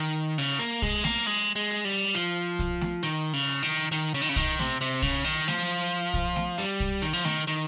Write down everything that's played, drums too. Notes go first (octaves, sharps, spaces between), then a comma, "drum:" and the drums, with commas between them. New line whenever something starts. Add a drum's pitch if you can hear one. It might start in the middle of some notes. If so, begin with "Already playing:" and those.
Already playing: D#3
C#3, drum: hi-hat
A#3
G#3, drum: kick B1, hi-hat
A#3, drum: snare A3
G#3, drum: hi-hat
G#3
drum: hi-hat
G3
F3, drum: hi-hat
drum: kick B1, hi-hat
drum: snare A3
D#3, drum: hi-hat
C#3
drum: hi-hat
D#3
D#3, drum: hi-hat
C#3
D#3
C#3
D#3, drum: kick B1, hi-hat
C3, drum: snare A3
C3, drum: hi-hat
C#3, drum: kick B1
D#3
F3, drum: snare A3
drum: kick B1, hi-hat
drum: snare A3
G3, drum: hi-hat
drum: kick B1
D#3, drum: hi-hat
F3
D#3, drum: snare A3
D#3, drum: hi-hat